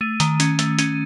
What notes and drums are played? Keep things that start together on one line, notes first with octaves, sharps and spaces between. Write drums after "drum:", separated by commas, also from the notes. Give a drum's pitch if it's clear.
A3 D#7
D#3, drum: hi-hat
C#4, drum: hi-hat
A3, drum: hi-hat
C#4 D#7, drum: hi-hat